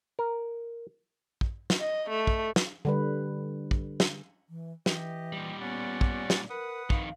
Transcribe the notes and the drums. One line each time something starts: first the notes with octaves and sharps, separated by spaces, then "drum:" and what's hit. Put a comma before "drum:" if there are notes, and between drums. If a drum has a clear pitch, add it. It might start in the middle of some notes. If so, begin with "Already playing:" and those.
A#4
drum: kick
drum: snare
D#5
A3
drum: kick
drum: snare
D3 G3 B4
drum: kick
drum: snare
E3
E3 G4 D#5, drum: snare
A#2 G3
B3 C#4 D5 F#5
drum: kick
drum: snare
A#4 B4 F#5 D#6
F2 D#3 F5, drum: kick